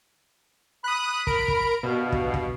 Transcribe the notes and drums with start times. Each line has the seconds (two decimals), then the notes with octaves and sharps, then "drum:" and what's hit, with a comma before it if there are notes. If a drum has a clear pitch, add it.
0.84 B5 D#6 F#6
1.27 A#4 D7, drum: kick
1.48 drum: kick
1.83 G2 B2 F5
2.12 drum: kick
2.34 drum: kick